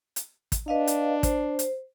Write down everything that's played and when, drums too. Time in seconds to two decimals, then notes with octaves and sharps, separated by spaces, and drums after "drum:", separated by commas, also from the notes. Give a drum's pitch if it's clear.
0.16 drum: hi-hat
0.52 drum: kick, hi-hat
0.68 D4 B4 D#5 F5
0.87 drum: hi-hat
1.23 C5, drum: kick, hi-hat
1.59 drum: hi-hat